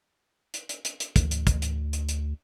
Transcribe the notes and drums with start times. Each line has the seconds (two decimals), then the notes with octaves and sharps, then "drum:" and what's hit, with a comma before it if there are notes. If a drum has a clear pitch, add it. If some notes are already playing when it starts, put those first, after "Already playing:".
0.54 drum: hi-hat
0.69 drum: hi-hat
0.85 drum: hi-hat
1.00 drum: hi-hat
1.16 D2, drum: kick, hi-hat
1.31 drum: hi-hat
1.47 drum: kick, hi-hat
1.62 drum: hi-hat
1.93 drum: hi-hat
2.09 drum: hi-hat